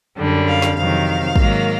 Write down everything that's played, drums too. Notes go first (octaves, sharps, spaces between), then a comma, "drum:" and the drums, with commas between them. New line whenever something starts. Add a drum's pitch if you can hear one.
F#2 D3 G3
F5
drum: snare
F2 C3 D#3 F#3 F5
G#2 D#3 F#3 A#3, drum: kick